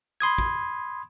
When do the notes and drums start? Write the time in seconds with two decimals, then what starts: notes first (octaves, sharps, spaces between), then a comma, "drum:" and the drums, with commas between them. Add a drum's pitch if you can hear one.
0.20 B5 C6 D#6 G#6
0.38 drum: kick